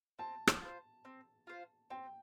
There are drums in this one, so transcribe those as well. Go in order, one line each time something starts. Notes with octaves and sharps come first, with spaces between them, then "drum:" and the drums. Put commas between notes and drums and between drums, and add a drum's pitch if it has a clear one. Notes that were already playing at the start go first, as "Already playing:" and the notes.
C4 A5
drum: rim click
F4 C5
C4
F4 C5
C4 G5